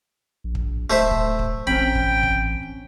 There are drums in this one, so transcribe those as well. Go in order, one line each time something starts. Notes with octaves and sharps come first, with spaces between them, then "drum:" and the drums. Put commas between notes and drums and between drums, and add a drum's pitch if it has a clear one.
A#1
drum: kick
D1 A3 C5 E5
drum: kick
drum: kick
A1 C4 C#4 G5 A#5 B5
drum: kick
drum: kick